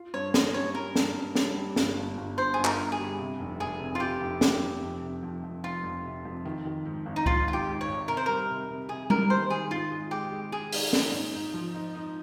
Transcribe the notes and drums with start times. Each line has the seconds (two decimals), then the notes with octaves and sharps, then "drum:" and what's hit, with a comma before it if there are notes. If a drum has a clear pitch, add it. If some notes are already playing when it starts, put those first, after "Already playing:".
Already playing: F4
0.14 G2 C#5
0.34 C#4 D#5, drum: snare
0.54 G3 C#5
0.75 C#4 A#4
0.96 G2, drum: snare
1.16 G2
1.35 G3, drum: snare
1.57 G3
1.76 G1, drum: snare
1.97 G1
2.17 G1
2.38 G1 C5
2.54 G1 G#4
2.65 A#4, drum: clap
2.78 G1
2.92 G#4
2.99 G3
3.19 C3
3.39 F1
3.60 F1 G#4
3.80 C3
3.95 F4
4.00 C3 G4
4.21 F1
4.41 C3, drum: snare
4.62 F1
4.82 F2
5.02 C3
5.23 F2
5.43 F2
5.63 F1 F4
5.83 F2
6.04 C3
6.25 F2
6.45 D#3
6.65 D#3
6.85 G#2
7.06 G#1
7.16 D#4
7.26 G#2 F4, drum: kick C#2
7.47 G#1 F4
7.53 G4
7.67 G#2
7.81 C#5
7.87 G#1
8.08 C3 A#4
8.17 C5
8.26 G3 A#4
8.49 C3
8.69 C3
8.89 C3 G#4
9.10 G3 A#4, drum: tom G3
9.30 D#3 C5
9.50 D#3 G#4
9.70 G#2 F4
9.91 G#3
10.11 G#3 G4
10.32 G#3
10.52 G#3 G#4
10.73 D#4, drum: open hi-hat
10.93 D#4, drum: snare
11.13 G#2
11.34 D#4
11.54 F3
11.75 D#4
11.95 D#4